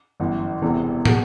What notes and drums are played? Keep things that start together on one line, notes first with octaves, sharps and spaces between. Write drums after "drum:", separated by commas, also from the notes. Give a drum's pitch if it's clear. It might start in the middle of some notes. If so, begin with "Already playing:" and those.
G1 F#2 E3
E1 E2 C3 E3
B2, drum: tom